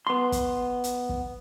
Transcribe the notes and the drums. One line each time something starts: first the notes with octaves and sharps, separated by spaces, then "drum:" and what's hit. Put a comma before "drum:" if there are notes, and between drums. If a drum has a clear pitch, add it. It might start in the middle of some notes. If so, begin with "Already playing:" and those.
B3 C6
drum: kick, hi-hat
drum: hi-hat
drum: kick